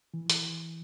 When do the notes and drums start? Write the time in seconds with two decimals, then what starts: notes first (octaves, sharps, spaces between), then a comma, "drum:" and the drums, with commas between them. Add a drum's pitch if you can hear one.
0.14 E3
0.30 E3, drum: hi-hat